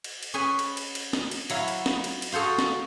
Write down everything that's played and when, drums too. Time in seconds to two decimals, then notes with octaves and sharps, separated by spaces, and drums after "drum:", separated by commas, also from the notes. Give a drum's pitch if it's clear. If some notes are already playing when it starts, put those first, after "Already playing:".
0.04 drum: cymbal
0.23 drum: cymbal
0.34 C#4 G#4 B4 G#5
0.59 drum: cymbal
0.77 drum: cymbal
0.95 drum: cymbal
1.13 drum: snare
1.31 drum: cymbal
1.50 F#3 E4 F5, drum: cymbal
1.68 drum: cymbal
1.86 drum: snare
2.04 drum: cymbal
2.22 drum: cymbal
2.32 F#4 G#4 A4 C5 F5
2.59 drum: snare